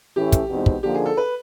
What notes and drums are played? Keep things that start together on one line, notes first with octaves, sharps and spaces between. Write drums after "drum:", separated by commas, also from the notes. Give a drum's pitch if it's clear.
A2 E3 A3 C#4 E4 G4
drum: kick, hi-hat
E2 B2 G#3 C4 D#4
drum: kick
D3 F3 A#3 D#4 G4
G#4
A4
B4